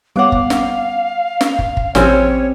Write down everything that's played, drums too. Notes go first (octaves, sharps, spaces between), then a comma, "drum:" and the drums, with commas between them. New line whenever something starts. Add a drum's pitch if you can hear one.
G3 B3 C#5 F5 F#5 D6
drum: kick
drum: snare
drum: snare
drum: kick
drum: kick
A1 F3 G3 C4 C#4 C#5 G#5 E6, drum: snare